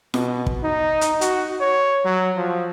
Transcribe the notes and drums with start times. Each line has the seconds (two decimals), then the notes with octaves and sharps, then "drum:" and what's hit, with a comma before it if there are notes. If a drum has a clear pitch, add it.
0.14 B2, drum: snare
0.47 drum: kick
0.64 D#4
1.01 drum: hi-hat
1.21 F#4, drum: hi-hat
1.61 C#5
2.05 F#3
2.36 F3